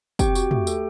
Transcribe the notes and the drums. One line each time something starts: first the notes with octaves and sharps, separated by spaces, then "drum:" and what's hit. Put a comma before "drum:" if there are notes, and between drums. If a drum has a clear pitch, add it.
C4 G4 G5, drum: kick, tambourine
F#4, drum: tambourine
A3, drum: tom
A4, drum: tambourine